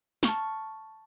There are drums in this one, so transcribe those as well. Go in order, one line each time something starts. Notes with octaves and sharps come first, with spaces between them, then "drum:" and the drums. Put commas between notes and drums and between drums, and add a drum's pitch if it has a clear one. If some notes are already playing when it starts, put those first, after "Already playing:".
A5 C#6 F6, drum: snare